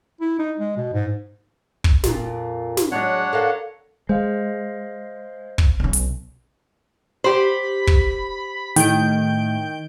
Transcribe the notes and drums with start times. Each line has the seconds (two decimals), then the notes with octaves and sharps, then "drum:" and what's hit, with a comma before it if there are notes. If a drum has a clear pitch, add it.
0.21 E4
0.39 D#4
0.59 G#3
0.77 B2
0.93 G#2
1.84 drum: kick
2.04 F2 A#2, drum: snare
2.77 drum: snare
2.92 F#3 G#3 D4 C#5 F#5
3.33 A4 A#4 F5
4.09 G#3 C5 D#5 F5
5.58 drum: kick
5.80 B1 C#4
5.93 drum: hi-hat
7.24 G4 C5 B5
7.87 drum: kick
8.76 A2 D#3 G5 G6 D7, drum: hi-hat